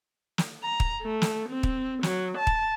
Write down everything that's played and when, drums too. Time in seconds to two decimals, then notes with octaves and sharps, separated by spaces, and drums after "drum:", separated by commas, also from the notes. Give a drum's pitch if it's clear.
0.38 drum: snare
0.63 A#5
0.80 drum: kick
1.02 A3
1.22 drum: snare
1.49 C4
1.63 drum: kick
2.03 F#3, drum: snare
2.38 A5
2.47 drum: kick